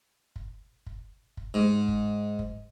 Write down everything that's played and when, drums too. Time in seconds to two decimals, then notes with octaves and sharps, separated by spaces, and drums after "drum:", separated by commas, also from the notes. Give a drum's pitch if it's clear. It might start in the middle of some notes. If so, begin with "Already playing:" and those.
0.36 drum: kick F#1
0.86 drum: kick F#1
1.37 drum: kick F#1
1.54 G#2
1.88 drum: kick F#1
2.39 drum: kick F#1